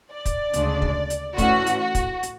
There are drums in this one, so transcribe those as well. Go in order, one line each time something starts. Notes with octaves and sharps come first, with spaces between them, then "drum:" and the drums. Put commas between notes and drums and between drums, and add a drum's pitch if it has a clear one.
D5
drum: kick, hi-hat
D2 C#3 G#3 D4, drum: hi-hat
drum: kick
drum: hi-hat
A2 E3 A3 C#4 F#4, drum: kick, hi-hat
drum: hi-hat
F#4
drum: kick, hi-hat
drum: hi-hat